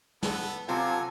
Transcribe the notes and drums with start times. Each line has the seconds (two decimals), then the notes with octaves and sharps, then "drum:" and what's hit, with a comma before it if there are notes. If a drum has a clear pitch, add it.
0.23 B3 A4, drum: snare
0.68 C3 F#3 C4 F4 A4 G#5 A#5